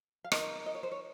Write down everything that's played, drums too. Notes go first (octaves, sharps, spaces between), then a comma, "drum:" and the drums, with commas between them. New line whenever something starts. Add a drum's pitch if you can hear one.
F5
D#4 A#4 D#5, drum: rim click
D#5
C#5
C5
C#5